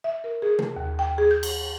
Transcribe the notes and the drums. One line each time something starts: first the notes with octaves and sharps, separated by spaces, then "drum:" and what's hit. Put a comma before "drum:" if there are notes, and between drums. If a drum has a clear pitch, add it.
E5
A#4
G#4
A3, drum: tom
D#2
G5
G#4
G6
drum: cymbal